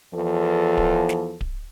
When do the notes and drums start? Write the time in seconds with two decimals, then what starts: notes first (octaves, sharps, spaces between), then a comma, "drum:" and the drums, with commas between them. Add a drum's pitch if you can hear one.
0.14 E2 F3 A4
0.77 drum: kick D1
1.09 drum: snare
1.41 drum: kick D1